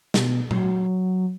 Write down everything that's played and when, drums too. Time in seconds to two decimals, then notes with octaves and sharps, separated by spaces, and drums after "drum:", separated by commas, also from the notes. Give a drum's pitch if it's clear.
0.14 B2, drum: snare
0.51 F#3, drum: tom A#2